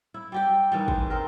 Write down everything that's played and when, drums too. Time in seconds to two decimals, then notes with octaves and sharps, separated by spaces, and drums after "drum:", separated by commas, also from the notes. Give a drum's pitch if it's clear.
0.14 E4
0.32 G3 G4 G5
0.72 D#3 E3 G3
0.88 G#3, drum: kick
1.10 C4 A#4